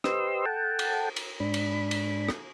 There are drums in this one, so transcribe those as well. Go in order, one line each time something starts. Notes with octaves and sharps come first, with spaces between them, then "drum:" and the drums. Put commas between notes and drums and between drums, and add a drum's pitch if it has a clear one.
G4 B4 C5 D#5 C6 E6, drum: rim click
A4 F#5 G5 A5
drum: cymbal
drum: cymbal
G#2 D4 B5
drum: cymbal
drum: cymbal
drum: rim click